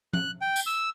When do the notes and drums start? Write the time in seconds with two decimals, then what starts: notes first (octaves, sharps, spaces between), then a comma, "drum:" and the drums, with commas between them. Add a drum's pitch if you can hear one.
0.13 F#6, drum: tom F3
0.41 G5
0.56 drum: tambourine
0.67 E6